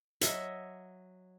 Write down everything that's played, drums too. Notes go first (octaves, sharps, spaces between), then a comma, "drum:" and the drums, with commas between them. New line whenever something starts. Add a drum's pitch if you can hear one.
F#3 D#5 E5 C#6, drum: hi-hat